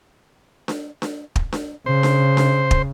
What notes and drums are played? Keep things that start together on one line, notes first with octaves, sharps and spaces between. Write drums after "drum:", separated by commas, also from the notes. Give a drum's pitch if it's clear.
drum: snare D4
drum: snare D4
drum: kick
drum: snare D4
C#3 C5
drum: snare D4
drum: snare D4
drum: kick